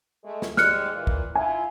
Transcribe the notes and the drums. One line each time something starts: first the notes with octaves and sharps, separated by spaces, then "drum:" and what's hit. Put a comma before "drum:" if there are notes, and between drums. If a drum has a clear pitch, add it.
G#3 A3
drum: snare
G#2 G3 G#3 F6 F#6 C#7, drum: snare
A#2 E3
drum: kick
E4 F4 G#5